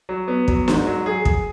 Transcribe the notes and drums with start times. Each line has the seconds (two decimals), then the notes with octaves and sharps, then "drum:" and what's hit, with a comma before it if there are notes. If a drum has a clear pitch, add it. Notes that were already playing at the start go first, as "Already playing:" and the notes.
0.09 F#3
0.28 B3
0.48 F#3, drum: kick
0.68 G#2, drum: snare
0.87 F#3
1.06 G#4
1.25 G#4, drum: kick